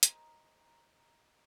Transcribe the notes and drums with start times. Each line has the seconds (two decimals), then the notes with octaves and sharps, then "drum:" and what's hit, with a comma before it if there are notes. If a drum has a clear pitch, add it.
0.03 A#4 C5 D#5 A#5, drum: hi-hat